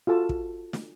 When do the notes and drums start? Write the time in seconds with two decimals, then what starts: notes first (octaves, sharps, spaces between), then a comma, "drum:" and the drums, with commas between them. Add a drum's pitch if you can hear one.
0.07 F4 F#4 A4 A5
0.29 drum: kick
0.73 drum: snare